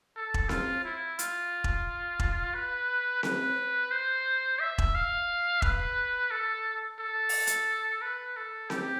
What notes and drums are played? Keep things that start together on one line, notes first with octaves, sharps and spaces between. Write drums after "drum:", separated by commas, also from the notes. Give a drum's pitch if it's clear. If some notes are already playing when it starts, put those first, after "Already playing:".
A4
drum: kick E1
F4, drum: snare C4
E4
F4, drum: hi-hat
drum: kick E1
drum: kick E1
B4
B4, drum: snare C4
C5
E5
drum: kick E1
F5
B4, drum: kick E1
A4
A4
drum: open hi-hat
drum: hi-hat
B4
A4
G4, drum: snare C4